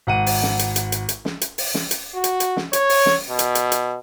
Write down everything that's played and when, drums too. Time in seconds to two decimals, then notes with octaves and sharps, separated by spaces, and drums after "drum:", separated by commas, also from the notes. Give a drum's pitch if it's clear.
0.07 G#1 F#5 D#7
0.26 drum: open hi-hat
0.43 drum: snare
0.59 drum: hi-hat
0.76 drum: hi-hat
0.92 drum: hi-hat
1.09 drum: hi-hat
1.25 drum: snare
1.41 drum: hi-hat
1.58 drum: open hi-hat
1.74 drum: snare
1.91 drum: hi-hat
2.14 F#4
2.24 drum: hi-hat
2.40 drum: hi-hat
2.57 drum: snare
2.73 C#5, drum: hi-hat
2.89 drum: open hi-hat
3.06 drum: snare
3.29 B2
3.39 drum: hi-hat
3.55 drum: hi-hat
3.72 drum: hi-hat